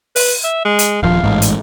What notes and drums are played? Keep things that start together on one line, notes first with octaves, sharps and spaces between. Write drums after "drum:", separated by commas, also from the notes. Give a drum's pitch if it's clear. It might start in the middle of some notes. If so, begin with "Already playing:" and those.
B4, drum: open hi-hat
E5
G#3
drum: hi-hat
D#1 F3 F5
A1 G#2
drum: hi-hat